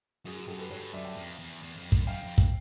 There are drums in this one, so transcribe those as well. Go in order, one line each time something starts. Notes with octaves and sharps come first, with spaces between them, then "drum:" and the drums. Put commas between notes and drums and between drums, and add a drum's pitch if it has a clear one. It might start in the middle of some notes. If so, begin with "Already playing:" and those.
F#2 F#4 G#4
F#4 G#4
F#2 G4 A4
A4 B4
G2 B4 C#5
F#2 D5 E5
G5 A5
F2
E2
E2
F2
F#2, drum: kick
F#2 F5 G5
F2
drum: kick